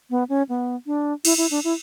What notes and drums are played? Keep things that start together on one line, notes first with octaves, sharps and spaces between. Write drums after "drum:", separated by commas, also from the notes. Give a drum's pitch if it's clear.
B3
C#4
B3
D4
E4, drum: cymbal
E4
D4
E4